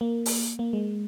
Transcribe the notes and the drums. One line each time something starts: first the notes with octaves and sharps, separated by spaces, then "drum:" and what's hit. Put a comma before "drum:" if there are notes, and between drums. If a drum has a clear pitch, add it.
A#3
drum: open hi-hat
A#3
G#3